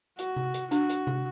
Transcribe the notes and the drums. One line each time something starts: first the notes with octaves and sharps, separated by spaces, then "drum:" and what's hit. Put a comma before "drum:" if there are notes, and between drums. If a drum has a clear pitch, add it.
F#4, drum: hi-hat
drum: tom C3
drum: hi-hat
D4 F#4, drum: hi-hat
drum: hi-hat
drum: tom C3